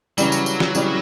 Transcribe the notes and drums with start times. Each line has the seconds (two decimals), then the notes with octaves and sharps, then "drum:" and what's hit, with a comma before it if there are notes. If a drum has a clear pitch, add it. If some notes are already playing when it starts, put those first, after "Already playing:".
0.18 C#3 E3 F#3 G3, drum: tambourine
0.32 drum: tambourine
0.46 drum: tambourine
0.60 drum: snare
0.75 C#3 E3 G3, drum: tambourine